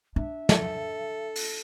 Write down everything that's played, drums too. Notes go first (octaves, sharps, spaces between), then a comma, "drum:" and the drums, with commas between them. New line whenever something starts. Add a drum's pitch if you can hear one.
D4 E5
A4, drum: snare
drum: open hi-hat